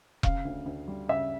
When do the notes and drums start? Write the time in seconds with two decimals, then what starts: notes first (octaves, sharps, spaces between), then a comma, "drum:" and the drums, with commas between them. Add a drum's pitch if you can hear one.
0.23 C#3 F5, drum: kick E1
0.45 D2
0.66 D2
0.88 G3
1.09 C#3 E5